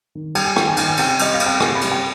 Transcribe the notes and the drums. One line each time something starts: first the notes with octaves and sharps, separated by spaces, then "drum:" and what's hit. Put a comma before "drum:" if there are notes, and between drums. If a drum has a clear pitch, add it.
D#3
G3 G5, drum: cymbal
G#5
D#3 G5, drum: rim click
G#5
D#3 G5, drum: cymbal
G#5
C3 G5, drum: cymbal
G3 D#5, drum: cymbal
F5
C4, drum: cymbal
G5
C3 G#5, drum: rim click
B5
G3, drum: cymbal
G5